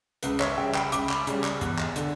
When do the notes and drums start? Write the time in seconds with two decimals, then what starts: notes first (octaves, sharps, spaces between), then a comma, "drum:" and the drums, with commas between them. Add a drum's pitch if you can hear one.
0.23 C#2 B4, drum: hi-hat
0.40 C#5 E5, drum: clap
0.57 C#3 G3 E5 G5
0.75 G5 B5, drum: clap
0.92 C#2 B5 D6, drum: hi-hat
1.09 drum: clap
1.27 C#3 G3, drum: hi-hat
1.44 drum: clap
1.61 E2, drum: hi-hat
1.79 drum: clap
1.96 D3, drum: hi-hat